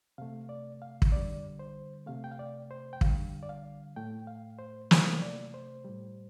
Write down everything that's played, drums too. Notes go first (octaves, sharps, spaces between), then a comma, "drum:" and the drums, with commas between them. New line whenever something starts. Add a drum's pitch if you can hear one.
C3 A3 F5
D5
F5
drum: kick
D3 G3 D5
C5
C3 A3 F5
G5
F5
D5
C5
G5
D3 G3 F5, drum: kick
D5
F5
A2 A3 G5
F5
C5
C3 A3 C5, drum: snare
D5
C5
A2 G3